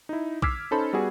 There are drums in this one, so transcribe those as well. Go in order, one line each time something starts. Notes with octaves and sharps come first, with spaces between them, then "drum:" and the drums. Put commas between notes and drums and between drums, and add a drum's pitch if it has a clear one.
D#4 E4
D6 E6 F6 G#6 B6 C7, drum: kick
C#4 D#4 A4 C5 B5
G3 B3 F#4 G#4